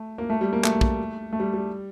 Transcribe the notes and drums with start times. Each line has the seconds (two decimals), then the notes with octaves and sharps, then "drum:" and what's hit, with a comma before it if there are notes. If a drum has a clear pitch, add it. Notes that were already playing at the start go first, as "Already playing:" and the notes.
Already playing: A3
0.18 A#3
0.30 A3
0.41 G3
0.53 A#3
0.64 A3, drum: clap
0.81 drum: kick
1.33 A3
1.40 G3
1.54 G3